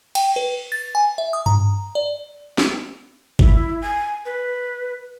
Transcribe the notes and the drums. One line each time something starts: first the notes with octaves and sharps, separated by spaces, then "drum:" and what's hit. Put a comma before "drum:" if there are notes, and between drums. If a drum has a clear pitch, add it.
G5, drum: cymbal
B4
A6
G#5
E5
D#6
A#5, drum: tom G2
D5
drum: snare
E4, drum: kick G1
G#5
B4